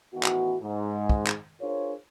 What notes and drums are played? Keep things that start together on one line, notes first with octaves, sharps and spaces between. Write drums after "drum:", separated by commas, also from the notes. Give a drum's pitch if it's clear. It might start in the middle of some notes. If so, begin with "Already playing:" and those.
A1 D#3 E3 B3 F#4
drum: clap
G#2
drum: kick
drum: clap
D4 F4 G#4 A#4 C5 C#5